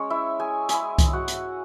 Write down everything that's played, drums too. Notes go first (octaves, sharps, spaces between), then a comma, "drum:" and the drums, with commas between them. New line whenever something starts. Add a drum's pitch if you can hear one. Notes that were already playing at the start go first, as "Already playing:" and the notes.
Already playing: G#3 C#4 C#5
E4 E5
G#4 G#5
G#3 E4 G#4 G#5, drum: hi-hat
drum: kick C2, hi-hat
F#4 F#5
drum: hi-hat